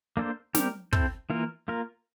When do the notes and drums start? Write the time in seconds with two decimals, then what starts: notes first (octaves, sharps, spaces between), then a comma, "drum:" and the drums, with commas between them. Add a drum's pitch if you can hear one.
0.17 A#3 D4 A4 C5
0.55 G3 C4 G4 A#4, drum: snare
0.93 C4 E4 A4 C5, drum: kick
1.30 E3 A#3 F4 A#4
1.68 A#3 F4 A#4